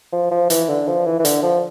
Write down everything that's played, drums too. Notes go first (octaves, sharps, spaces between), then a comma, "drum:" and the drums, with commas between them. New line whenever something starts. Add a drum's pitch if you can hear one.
F3
F3
E3, drum: hi-hat
D3
F3
E3
E3
D3, drum: hi-hat
F3